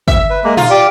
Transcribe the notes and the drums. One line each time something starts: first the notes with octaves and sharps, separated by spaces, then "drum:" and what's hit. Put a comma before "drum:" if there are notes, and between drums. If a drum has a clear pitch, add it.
E5, drum: kick
B4
G#3 A#3
D#4 F4, drum: tom A#2
G4 D5